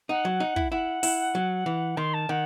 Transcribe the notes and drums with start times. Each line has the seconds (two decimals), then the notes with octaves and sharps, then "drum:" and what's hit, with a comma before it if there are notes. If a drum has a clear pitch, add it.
0.09 D#4 F#5
0.25 F#3
0.40 D#4
0.56 E4, drum: kick
0.71 E4 F#5
1.03 E4, drum: open hi-hat
1.35 F#3
1.66 E3
1.97 D#3 C6
2.13 A5
2.29 D#3 F#5